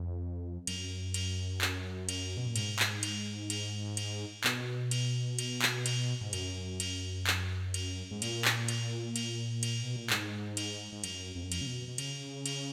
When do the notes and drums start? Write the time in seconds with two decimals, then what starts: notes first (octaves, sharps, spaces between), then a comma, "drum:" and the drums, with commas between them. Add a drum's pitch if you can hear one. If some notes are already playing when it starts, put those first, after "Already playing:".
Already playing: F2
0.67 F#2, drum: cymbal
1.14 drum: cymbal
1.61 drum: clap
2.09 drum: cymbal
2.37 B2
2.47 A#2
2.56 G#2, drum: cymbal
2.79 drum: clap
3.03 drum: cymbal
3.50 drum: cymbal
3.97 drum: cymbal
4.44 B2, drum: clap
4.91 drum: cymbal
5.39 drum: cymbal
5.62 drum: clap
5.86 drum: cymbal
6.21 G#2
6.33 F#2, drum: cymbal
6.80 drum: cymbal
7.27 drum: clap
7.74 drum: cymbal
8.11 G#2
8.22 A#2, drum: cymbal
8.45 drum: clap
8.68 drum: cymbal
9.16 drum: cymbal
9.63 drum: cymbal
9.82 B2
9.96 A#2
10.10 G#2, drum: clap
10.57 drum: cymbal
10.93 G#2
11.04 F#2, drum: cymbal
11.35 F2
11.43 F#2
11.52 F2, drum: cymbal
11.61 C#3
11.66 B2
11.88 B2
11.98 C#3, drum: cymbal
12.46 drum: cymbal